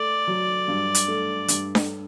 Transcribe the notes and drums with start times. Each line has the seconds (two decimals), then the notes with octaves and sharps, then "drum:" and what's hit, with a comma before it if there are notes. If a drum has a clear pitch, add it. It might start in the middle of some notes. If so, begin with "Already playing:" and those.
Already playing: A3 D5
0.28 F#3
0.68 G2
0.95 drum: hi-hat
1.08 A3
1.48 G2, drum: hi-hat
1.75 drum: snare D4